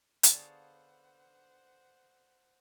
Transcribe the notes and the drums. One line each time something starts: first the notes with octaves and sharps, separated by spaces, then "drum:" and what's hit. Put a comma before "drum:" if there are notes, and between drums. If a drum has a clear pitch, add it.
D3 B3 G#4 C5 C#5 F5 F#5 A5, drum: hi-hat